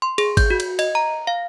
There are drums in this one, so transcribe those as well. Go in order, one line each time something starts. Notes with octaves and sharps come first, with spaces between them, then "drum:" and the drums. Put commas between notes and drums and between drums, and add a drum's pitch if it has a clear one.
C6
G#4, drum: cymbal
G6, drum: kick G#1, cymbal
F#4
drum: cymbal
D#5, drum: cymbal
A#5
F5